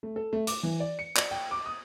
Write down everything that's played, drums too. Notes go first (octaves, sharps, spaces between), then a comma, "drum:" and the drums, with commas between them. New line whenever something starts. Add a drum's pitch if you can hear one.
A3
A4
A3
D6, drum: hi-hat
E3
D5
C#7
D5, drum: clap
G5
D6
D#6